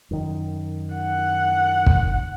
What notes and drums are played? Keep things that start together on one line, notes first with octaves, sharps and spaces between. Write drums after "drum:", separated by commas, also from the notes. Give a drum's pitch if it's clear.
F#2 D#3
F#5
drum: kick